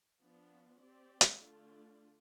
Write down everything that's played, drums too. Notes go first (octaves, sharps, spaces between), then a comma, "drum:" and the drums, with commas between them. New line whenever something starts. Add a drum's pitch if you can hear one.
F3 B3 D4
C4 G4 D5
drum: hi-hat
D3 A3 D4 F4